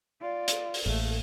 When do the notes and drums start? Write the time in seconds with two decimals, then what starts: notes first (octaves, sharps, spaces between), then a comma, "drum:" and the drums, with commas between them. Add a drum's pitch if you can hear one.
0.22 F4 D5
0.48 drum: hi-hat
0.74 drum: open hi-hat
0.85 A1 A3 A#3